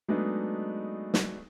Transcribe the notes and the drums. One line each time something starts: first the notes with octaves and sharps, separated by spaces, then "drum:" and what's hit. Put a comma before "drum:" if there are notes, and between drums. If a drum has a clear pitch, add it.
F#3 G#3 A3 B3 D4 D#4
drum: snare